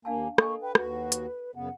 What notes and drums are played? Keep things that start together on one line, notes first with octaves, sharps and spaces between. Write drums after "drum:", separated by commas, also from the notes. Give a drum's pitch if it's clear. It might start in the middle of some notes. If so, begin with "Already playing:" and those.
D#2 A#3 D4 F5 G#5 A5
A#3 A4 D#5 G#5 C#6, drum: rim click
B4 G5
D#2 F#4 B4, drum: rim click
drum: hi-hat
F#2 C#3 B3 F#5